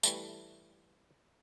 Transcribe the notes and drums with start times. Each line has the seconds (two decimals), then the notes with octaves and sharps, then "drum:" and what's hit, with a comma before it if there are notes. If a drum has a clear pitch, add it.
0.03 E3 G3 A3, drum: tambourine